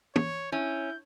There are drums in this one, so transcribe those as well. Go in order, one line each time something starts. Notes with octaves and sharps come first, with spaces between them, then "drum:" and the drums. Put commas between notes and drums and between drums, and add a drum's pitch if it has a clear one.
C#5, drum: tom
C#4 E4 G6